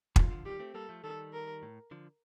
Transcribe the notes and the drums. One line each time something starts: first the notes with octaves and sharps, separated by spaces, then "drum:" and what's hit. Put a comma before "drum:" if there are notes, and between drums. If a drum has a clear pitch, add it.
A#2 D3 F4, drum: kick
D3 F3
D#3 G3 G4
A3 C4
G3 A#3 A4
F3 A3
D#3 G3 A4
A#4
A2
D3 F3